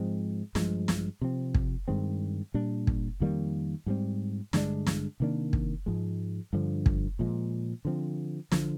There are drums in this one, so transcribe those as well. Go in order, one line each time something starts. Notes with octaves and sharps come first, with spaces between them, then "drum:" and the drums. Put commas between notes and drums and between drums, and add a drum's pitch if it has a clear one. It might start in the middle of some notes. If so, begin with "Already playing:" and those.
Already playing: G#2 F3 G#3 C4
G2 F3 G#3, drum: snare
drum: snare
C3 F3 C4
drum: kick
G2 D#3 G#3 C4
A#2 G3 D4
drum: kick
F2 D#3 G3 A#3
G#2 G3 C4
G2 D3 G#3 D4, drum: snare
drum: snare
C3 D#3 A#3 D4
drum: kick
G#2 F3 G#3
G2 D3 F3
drum: kick
A#2 F3 G#3
D3 F3 C4
D3 F3, drum: snare